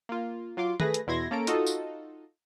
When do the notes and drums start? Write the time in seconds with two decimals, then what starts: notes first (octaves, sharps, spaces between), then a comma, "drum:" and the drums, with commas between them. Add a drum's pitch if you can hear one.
0.09 A#3 F4
0.57 F#3 F4 C6 D6
0.80 A3 G#4 B4 A#6, drum: tom D#3
0.94 drum: hi-hat
1.07 E2 B2 E4 C6 G#6 A#6
1.31 A#3 C#4 A4 A#5 D7
1.47 D#4 F4 F#4 A4 D#5, drum: hi-hat
1.66 drum: tambourine